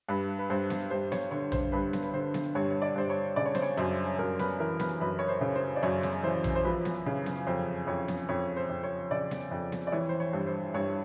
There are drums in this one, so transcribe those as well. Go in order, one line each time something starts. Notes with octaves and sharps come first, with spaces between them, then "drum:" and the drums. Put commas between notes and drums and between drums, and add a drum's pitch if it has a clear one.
G2 B4
B4
G2 C5
drum: snare B3
G2 C5
C#5, drum: snare B3
D3 C#5
C5, drum: tom A#1
G2 B4
drum: snare B3
B4
D3 C5
drum: snare B3
G2 C#5
C#5
D5
G2 C5
C#5
C#3 D5
C#5
C5, drum: snare B3
C#5
F#2 C5
F#2 A#4
B4, drum: snare B3
E3 A#4
B4, drum: snare B3
F#2 B4
C#5
C5
C#3
C5
D5
F#2 C#5
drum: snare B3
E3 C5
drum: tom A#1
C5
F3 B4
drum: snare B3
C#3
drum: snare B3
F2 C5
F2 C#5
drum: snare B3
F2 C#5
C5
F2
C#5
C#3 D5
drum: snare B3
F2
drum: snare B3
D5
E3 C#5
C5
C#5
G2
C5
G2 C#5